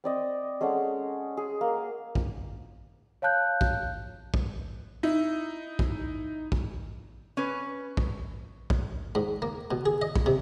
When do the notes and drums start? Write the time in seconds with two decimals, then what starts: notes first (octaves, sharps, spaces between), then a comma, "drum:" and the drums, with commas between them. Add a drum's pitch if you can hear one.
0.04 C4 D5 D#5
0.61 G#3 C#4 A4 F#5
1.37 G#4
1.61 A#3
2.15 drum: kick
3.22 C#5 F5 A5 F#6 G6
3.61 drum: kick
4.34 drum: kick
5.03 D#4 E4
5.79 drum: kick
6.52 drum: kick
7.37 C#4 B4
7.97 drum: kick
8.70 drum: kick
9.15 G#2
9.42 A#3
9.71 B2
9.86 G#4
10.02 D#5
10.16 drum: kick
10.26 C3